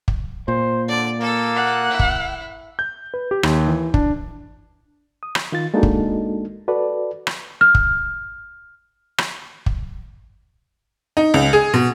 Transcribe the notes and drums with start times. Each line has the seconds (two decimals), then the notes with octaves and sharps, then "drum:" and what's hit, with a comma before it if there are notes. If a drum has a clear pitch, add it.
0.08 drum: kick
0.48 A#2 C5
0.88 D3 D5
1.20 A#3 A4
1.56 F#5
1.90 E4
1.99 drum: kick
2.79 G6
3.14 B4
3.31 G4
3.43 D#2, drum: rim click
3.68 E3
3.94 D4, drum: kick
5.23 D#6
5.35 drum: rim click
5.52 D#3 F4 A6
5.74 G#3 A#3 D4 D#4 F#4 A4
5.83 drum: kick
6.68 F#4 A4 B4 D5
7.27 drum: rim click
7.61 F6
7.75 drum: kick
9.18 drum: rim click
9.66 drum: kick
11.17 D#4
11.34 C#2
11.53 G#4
11.74 B2